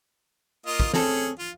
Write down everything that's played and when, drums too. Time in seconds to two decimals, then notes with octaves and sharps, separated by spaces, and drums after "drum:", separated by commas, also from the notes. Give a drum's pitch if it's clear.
0.66 A#3 F4 D#5
0.80 drum: kick
0.94 A3 C4 C#4 G#4 A4, drum: snare
1.39 F4